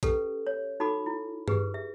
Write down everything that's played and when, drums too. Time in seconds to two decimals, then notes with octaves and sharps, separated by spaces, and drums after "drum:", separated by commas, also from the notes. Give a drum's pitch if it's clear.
0.03 C#4 G4 A4 B4, drum: kick A1, hi-hat
0.47 C#5
0.80 D#4 F#4 A4 B5 D6
1.06 E4
1.48 G4 G#4 B4, drum: tom G2
1.74 E5